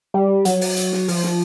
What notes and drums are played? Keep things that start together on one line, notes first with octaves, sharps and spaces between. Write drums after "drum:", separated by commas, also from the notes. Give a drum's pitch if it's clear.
G3
F#3, drum: hi-hat
drum: open hi-hat
drum: hi-hat
drum: snare
F3, drum: open hi-hat
drum: snare